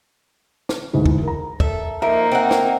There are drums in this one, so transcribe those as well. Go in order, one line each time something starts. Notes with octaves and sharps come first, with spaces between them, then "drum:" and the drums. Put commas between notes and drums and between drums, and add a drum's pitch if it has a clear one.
drum: snare
D2 G#2 E3
drum: kick
A#4 A#5
A4 E5, drum: kick
F3 A#3 D#4 A#4 E5 A#5
C4 A#4 F#5
drum: snare